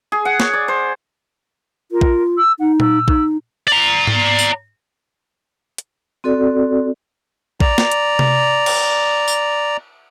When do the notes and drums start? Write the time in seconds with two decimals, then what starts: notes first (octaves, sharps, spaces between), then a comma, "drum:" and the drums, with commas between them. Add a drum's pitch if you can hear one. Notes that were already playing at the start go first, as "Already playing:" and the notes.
0.12 G#4
0.25 F#5
0.40 C#5, drum: snare
0.53 D5
0.68 C5
1.92 F4 A#4
2.01 drum: kick
2.37 E6
2.60 D#4 F#5
2.80 E6, drum: tom A#2
3.08 D#4, drum: kick
3.68 D5 A#5
4.07 drum: tom G#2
4.39 drum: tambourine
5.78 drum: hi-hat
6.24 C4 F#4 A4 D5
7.60 D5 A#5, drum: kick
7.78 drum: snare
7.92 drum: hi-hat
8.19 drum: tom C3
8.66 drum: cymbal
9.28 drum: tambourine